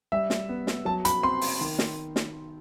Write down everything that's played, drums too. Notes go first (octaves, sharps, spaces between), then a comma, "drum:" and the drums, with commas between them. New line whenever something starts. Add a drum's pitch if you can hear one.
G3 E5
drum: snare
B3
drum: snare
F#3 A5
B5, drum: hi-hat
C4 C6
drum: open hi-hat
D#3
drum: snare
drum: snare